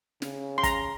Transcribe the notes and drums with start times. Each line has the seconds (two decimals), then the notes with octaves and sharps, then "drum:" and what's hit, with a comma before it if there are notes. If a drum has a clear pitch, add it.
0.22 C#3, drum: snare
0.58 C6
0.63 A#5, drum: kick, hi-hat